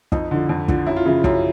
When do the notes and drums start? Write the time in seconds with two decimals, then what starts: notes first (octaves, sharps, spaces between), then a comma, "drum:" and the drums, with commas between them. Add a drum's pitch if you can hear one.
0.12 F2 D#4, drum: kick
0.31 D3 F3
0.49 F2
0.68 D3 F3, drum: kick
0.86 F#2 E4
0.96 F4
1.06 C#3 F3 E4
1.24 F#2, drum: kick